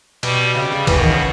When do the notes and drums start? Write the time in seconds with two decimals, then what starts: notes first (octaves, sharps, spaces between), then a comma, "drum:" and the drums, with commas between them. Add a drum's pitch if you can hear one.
0.23 B2 G3, drum: cymbal
0.55 C#3 G3
0.71 C#3
0.87 B2 E3, drum: kick, cymbal
0.99 D#3
1.10 C#3